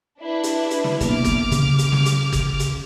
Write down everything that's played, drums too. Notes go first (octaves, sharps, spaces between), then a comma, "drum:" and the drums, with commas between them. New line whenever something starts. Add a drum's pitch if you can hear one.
D4 E4 B4
drum: hi-hat
drum: hi-hat
drum: snare
B1 A#3 B3 D6 F6, drum: hi-hat
drum: kick G1, hi-hat
C#3, drum: hi-hat
drum: hi-hat
drum: snare
drum: hi-hat
drum: kick G1, hi-hat
drum: hi-hat